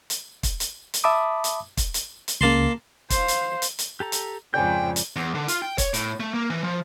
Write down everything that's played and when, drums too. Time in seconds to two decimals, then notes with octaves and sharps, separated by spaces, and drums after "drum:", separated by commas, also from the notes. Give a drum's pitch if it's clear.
0.10 drum: hi-hat
0.43 drum: kick, hi-hat
0.60 drum: hi-hat
0.94 drum: hi-hat
1.04 E5 A5 B5 D6 D#6
1.44 drum: hi-hat
1.77 drum: kick, hi-hat
1.94 drum: hi-hat
2.28 drum: hi-hat
2.41 C#2 C#3 A#3 A5 C6
3.10 C5 F5, drum: kick, hi-hat
3.28 drum: hi-hat
3.62 drum: hi-hat
3.79 drum: hi-hat
4.00 G4 A4 A#5
4.12 drum: hi-hat
4.54 F2 G#2 C#3 D5 G5 G#5 D6 G6
4.96 drum: hi-hat
5.16 E2
5.35 D3
5.48 F4, drum: hi-hat
5.62 G5
5.78 C#5, drum: kick, hi-hat
5.94 A2, drum: hi-hat
6.20 A3
6.34 A#3
6.50 E3
6.63 F3